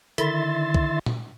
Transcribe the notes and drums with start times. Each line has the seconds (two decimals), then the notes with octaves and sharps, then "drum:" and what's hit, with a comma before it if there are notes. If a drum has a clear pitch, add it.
0.18 D3 D#3 E4 E5 C6 A6, drum: hi-hat
0.74 drum: kick
1.06 drum: tom A#2